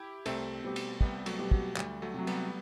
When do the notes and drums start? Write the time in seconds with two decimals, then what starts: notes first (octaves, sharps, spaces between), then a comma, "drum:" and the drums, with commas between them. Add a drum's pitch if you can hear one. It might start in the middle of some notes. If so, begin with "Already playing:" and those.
Already playing: E4 G4
0.26 C2 A3 C4, drum: cymbal
0.64 B2 G3 C4 G4
0.76 drum: cymbal
1.01 C2 G3 B3, drum: kick
1.26 F#3 A3, drum: cymbal
1.39 B2 G3 C4 G4
1.51 F#3, drum: kick
1.77 D2 G3, drum: clap
2.02 F#3 A3
2.14 C3 F#3
2.27 G3 B3, drum: cymbal